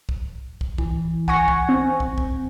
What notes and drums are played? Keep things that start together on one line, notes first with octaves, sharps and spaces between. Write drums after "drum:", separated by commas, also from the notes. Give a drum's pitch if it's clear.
drum: kick
drum: kick
E3, drum: kick
F#5 G#5 C#6 A#6, drum: kick
drum: kick
C4
drum: kick
drum: kick